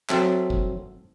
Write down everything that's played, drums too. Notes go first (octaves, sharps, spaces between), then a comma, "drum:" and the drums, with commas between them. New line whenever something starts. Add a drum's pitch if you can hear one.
F#3 C4 A4 E5, drum: clap
drum: kick G1